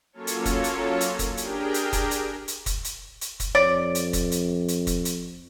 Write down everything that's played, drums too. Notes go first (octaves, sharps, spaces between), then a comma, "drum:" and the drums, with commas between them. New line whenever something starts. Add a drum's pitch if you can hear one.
F#3 A#3 C#4 F4 A4 C#5
drum: hi-hat
drum: kick, hi-hat
drum: hi-hat
drum: hi-hat
drum: kick, hi-hat
D4 G4 G#4 A#4 G5, drum: hi-hat
drum: hi-hat
drum: kick, hi-hat
drum: hi-hat
drum: hi-hat
drum: kick, hi-hat
drum: hi-hat
drum: hi-hat
drum: kick, hi-hat
F2 C#5 D5
drum: hi-hat
drum: kick, hi-hat
drum: hi-hat
drum: hi-hat
drum: kick, hi-hat
drum: hi-hat